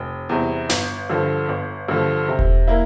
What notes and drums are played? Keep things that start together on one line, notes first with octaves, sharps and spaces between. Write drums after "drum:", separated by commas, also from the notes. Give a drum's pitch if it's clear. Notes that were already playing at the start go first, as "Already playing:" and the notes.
Already playing: F1
E2 C3 G3
G1, drum: snare
G2 D3 F3
G1
G2 D3 F3
C3
drum: kick E1
A#3 E4